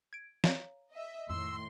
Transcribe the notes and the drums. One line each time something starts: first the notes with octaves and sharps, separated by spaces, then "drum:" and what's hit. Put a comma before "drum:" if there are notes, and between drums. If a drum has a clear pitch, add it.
G#6 D7
C#5 F5 A#5, drum: snare
D#5 E5
F2 A2 D#3 C6 E6